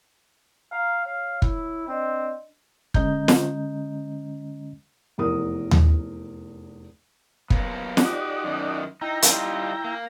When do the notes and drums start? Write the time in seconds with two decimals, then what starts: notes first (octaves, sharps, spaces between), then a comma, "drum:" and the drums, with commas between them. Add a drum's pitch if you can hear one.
0.72 F5 A#5
1.05 C#5 F5
1.42 E4, drum: kick
1.88 C4 D4 D5 D#5
2.94 D3 G#3 C#4 D#5 A#5 G6, drum: kick
3.28 drum: snare
5.18 F1 E2 A#4 D#6
5.71 drum: tom D#2
7.50 F#3 A#3 B3, drum: kick
7.97 D#4 F#4 G4 D5 F#5, drum: snare
8.44 F#2 D#3
9.01 D#4 E4 G5 A#5
9.22 G3 D#4 F4, drum: hi-hat
9.84 A#3